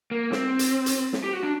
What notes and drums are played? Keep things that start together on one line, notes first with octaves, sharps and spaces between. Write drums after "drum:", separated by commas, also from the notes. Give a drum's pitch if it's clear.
A#3
C4, drum: snare
drum: hi-hat
drum: hi-hat
drum: snare
G4
F#4
D4